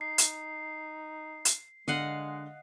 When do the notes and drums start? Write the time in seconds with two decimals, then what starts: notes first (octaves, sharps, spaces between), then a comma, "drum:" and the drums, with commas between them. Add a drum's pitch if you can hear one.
0.01 D#4 C7
0.18 drum: hi-hat
1.45 drum: hi-hat
1.88 D3 G#3 D#5 F5 F#5